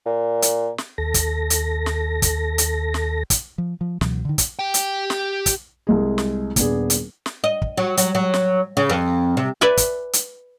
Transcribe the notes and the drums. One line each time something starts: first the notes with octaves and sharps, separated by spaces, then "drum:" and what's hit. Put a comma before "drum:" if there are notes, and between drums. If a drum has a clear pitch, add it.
A#2
drum: hi-hat
drum: snare
D#2 A4 A#6
drum: kick, hi-hat
drum: hi-hat
drum: snare
drum: kick, hi-hat
drum: hi-hat
drum: snare
drum: kick, hi-hat
F3
F3
C#2 B2 E3 F#3, drum: snare
D3 D#3
drum: kick, hi-hat
G4 G5
drum: hi-hat
drum: snare
drum: kick, hi-hat
C2 G#3 G#4
drum: snare
D#1 B3 D4 G#4, drum: kick, hi-hat
drum: hi-hat
drum: snare
D#5
drum: kick
F#3
F#3, drum: hi-hat
F#3
drum: snare
C#3
F2
C3
B4 D5 E5 G#5
drum: kick, hi-hat
drum: hi-hat